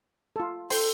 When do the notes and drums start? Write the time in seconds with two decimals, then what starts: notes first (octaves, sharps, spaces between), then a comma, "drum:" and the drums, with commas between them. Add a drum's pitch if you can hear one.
0.36 F4 A4
0.70 A4 C5 G5 C6, drum: open hi-hat